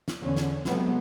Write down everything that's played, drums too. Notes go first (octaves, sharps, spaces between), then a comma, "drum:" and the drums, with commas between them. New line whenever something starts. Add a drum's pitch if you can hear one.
drum: snare
E2 D3 C#4
drum: snare
C3 F#3 G#3 A3 B3 C4, drum: snare